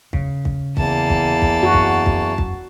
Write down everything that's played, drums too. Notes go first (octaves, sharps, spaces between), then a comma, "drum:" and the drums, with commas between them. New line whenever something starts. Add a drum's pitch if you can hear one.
C#3, drum: kick
drum: kick
E2 A#3 A5, drum: kick
drum: kick
drum: kick
F#2 F#4
drum: kick
drum: kick
drum: kick